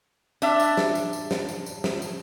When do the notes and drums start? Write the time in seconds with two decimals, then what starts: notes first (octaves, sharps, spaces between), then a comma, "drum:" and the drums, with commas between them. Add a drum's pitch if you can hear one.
0.42 D4 E5, drum: tambourine
0.60 drum: tambourine
0.77 drum: snare
0.95 drum: tambourine
1.13 drum: tambourine
1.31 drum: snare
1.49 drum: tambourine
1.66 drum: tambourine
1.84 drum: snare
2.02 drum: tambourine